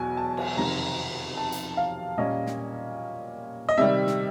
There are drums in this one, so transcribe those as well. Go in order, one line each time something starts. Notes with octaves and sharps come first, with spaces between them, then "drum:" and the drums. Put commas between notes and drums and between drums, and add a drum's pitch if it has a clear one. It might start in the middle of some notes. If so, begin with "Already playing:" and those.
Already playing: E2 B2 F#3 G#5
A5
drum: cymbal
F2 C3 D#3 A#5
A5
drum: hi-hat
F5
A#2 G3 A#3 C#4 D#5
drum: snare
D#5
C3 D#3 G3 E5
drum: snare